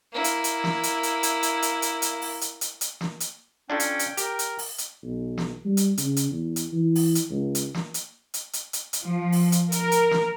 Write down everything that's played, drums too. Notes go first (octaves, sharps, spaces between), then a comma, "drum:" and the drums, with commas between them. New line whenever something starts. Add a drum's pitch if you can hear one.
A#3 E4
drum: hi-hat
drum: hi-hat
drum: snare
drum: hi-hat
drum: hi-hat
drum: hi-hat
drum: hi-hat
drum: hi-hat
drum: hi-hat
drum: hi-hat
drum: open hi-hat
drum: hi-hat
drum: hi-hat
drum: hi-hat
drum: snare
drum: hi-hat
C#4 D4 F4 A4 G5
drum: hi-hat
drum: hi-hat
G4 A#4, drum: hi-hat
drum: hi-hat
drum: open hi-hat
drum: hi-hat
B1
drum: snare
G3
drum: hi-hat
C#3, drum: hi-hat
drum: hi-hat
E2
drum: hi-hat
E3
drum: open hi-hat
drum: hi-hat
C#2
drum: hi-hat
drum: snare
drum: hi-hat
drum: hi-hat
drum: hi-hat
drum: hi-hat
drum: hi-hat
F3
drum: open hi-hat
drum: hi-hat
A#4, drum: hi-hat
drum: hi-hat
drum: snare